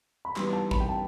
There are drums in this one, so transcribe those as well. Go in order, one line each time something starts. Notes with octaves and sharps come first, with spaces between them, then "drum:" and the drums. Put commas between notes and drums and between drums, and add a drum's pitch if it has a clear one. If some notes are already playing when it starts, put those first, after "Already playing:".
B5
E3 G3 B3 D#4 C6, drum: clap
A5
B5, drum: kick A1
G5
A5